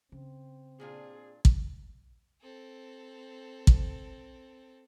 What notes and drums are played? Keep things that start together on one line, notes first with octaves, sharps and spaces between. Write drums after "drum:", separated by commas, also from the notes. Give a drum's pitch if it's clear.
C#3 C4
A#2 D4 F4 G#4
drum: kick
C4 A4
drum: kick